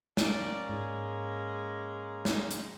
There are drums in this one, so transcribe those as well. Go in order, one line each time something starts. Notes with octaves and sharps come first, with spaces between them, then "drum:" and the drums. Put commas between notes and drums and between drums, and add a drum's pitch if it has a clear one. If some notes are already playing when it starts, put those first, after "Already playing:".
A#3 C#4 D5 A#5, drum: snare
G#2 G#3
drum: snare
drum: hi-hat